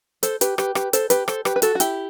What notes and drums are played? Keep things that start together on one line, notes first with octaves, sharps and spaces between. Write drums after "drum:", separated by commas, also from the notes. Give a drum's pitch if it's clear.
A4 C5, drum: hi-hat
G4 B4, drum: hi-hat
G4 B4, drum: rim click
G4 B4, drum: rim click
A4 C5, drum: hi-hat
G4 B4, drum: hi-hat
A4 C5, drum: rim click
G4 B4, drum: rim click
B4
F#4 A4, drum: hi-hat
F#4
E4 G4, drum: hi-hat